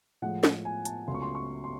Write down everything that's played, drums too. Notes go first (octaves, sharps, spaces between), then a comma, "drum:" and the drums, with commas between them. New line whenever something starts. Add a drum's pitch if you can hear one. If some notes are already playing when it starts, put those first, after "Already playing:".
A2 F3 G#3 F#5
drum: snare
G#5
A5, drum: hi-hat
C#2 C#3 F#3 A3 C6
C#6
C6
C#6
C6